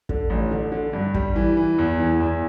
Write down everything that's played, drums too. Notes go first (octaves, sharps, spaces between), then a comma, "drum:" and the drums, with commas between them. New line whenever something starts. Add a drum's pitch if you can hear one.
D3, drum: kick
A1
D3
D3
G2
G3, drum: kick
E3
E3
E2
E3
E2